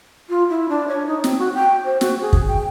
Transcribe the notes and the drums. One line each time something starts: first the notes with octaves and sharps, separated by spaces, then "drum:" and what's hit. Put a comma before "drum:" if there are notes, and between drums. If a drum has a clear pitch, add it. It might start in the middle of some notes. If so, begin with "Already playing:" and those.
F4
E4
D4
C#5
D#4
C4, drum: snare
F#4
G5
C5
F#4, drum: snare
G#4
drum: kick
G5